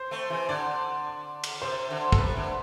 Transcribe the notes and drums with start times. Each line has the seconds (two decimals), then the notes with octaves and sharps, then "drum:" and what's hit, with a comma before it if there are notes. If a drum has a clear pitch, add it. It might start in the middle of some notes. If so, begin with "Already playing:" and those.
Already playing: C5
0.11 A3 C4
0.30 C3 E3
0.49 D3 D5
1.44 drum: cymbal
1.62 C3 C5
1.90 D3
2.12 A4, drum: kick
2.18 C3 B4
2.36 D3